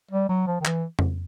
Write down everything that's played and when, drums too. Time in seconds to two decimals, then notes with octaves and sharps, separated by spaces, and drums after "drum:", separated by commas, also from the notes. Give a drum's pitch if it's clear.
0.11 G3
0.29 F#3
0.47 F3
0.60 D#3
0.65 E3, drum: clap
0.99 drum: tom F2